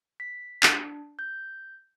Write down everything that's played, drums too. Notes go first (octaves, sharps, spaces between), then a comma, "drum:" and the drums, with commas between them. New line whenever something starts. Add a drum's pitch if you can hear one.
B6
D4, drum: clap
G6